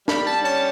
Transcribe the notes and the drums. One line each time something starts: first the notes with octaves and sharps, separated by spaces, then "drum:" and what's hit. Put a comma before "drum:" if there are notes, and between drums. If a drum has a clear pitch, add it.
G3 B5, drum: snare
A5
C#4 A5